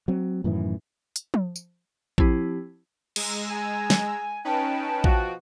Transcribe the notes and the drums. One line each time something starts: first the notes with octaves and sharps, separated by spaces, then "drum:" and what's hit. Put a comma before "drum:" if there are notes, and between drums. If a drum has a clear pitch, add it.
F#3 C4
F#2 A2 D#3 E3
drum: hi-hat
drum: tom F3
drum: tambourine
F3 C4 E4 G4, drum: kick A1
G#3 A#5 E6, drum: cymbal
G#5
drum: snare
C#4 D#4 B4 G5 A5
B2 F3 F#4, drum: kick A1